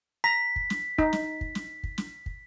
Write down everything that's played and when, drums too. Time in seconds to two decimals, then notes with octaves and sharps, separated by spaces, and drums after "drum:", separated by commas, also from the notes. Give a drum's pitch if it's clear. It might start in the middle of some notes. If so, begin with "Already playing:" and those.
0.24 A#5 B6
0.56 drum: kick
0.70 drum: snare
0.98 D#4, drum: kick
1.13 drum: snare
1.41 drum: kick
1.55 drum: snare
1.83 drum: kick
1.98 drum: snare
2.26 drum: kick